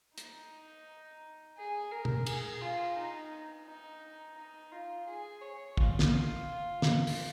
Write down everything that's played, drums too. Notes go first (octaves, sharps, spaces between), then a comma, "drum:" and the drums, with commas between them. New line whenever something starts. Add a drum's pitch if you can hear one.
D#4, drum: hi-hat
G#4
A#4
drum: tom
G#4, drum: cymbal
F4
D#4
D#4
D#4
F4
G#4
C#5
F4, drum: kick
drum: snare
drum: snare
drum: open hi-hat